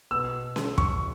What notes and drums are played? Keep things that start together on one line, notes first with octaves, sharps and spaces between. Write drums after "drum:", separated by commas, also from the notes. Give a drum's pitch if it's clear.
B2 B3 E6
drum: snare C#4
C#6, drum: kick